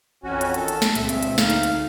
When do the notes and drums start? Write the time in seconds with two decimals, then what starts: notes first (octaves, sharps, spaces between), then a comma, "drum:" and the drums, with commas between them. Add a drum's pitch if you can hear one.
0.24 A1 F2 C#4 F#4
0.41 drum: hi-hat
0.54 D#3 A4, drum: hi-hat
0.68 drum: hi-hat
0.82 drum: snare
0.95 C#2 G2 A#2 G#3 C4 E5, drum: hi-hat
1.09 drum: hi-hat
1.23 drum: hi-hat
1.38 D2 D#4 F5, drum: snare
1.50 drum: hi-hat
1.63 drum: hi-hat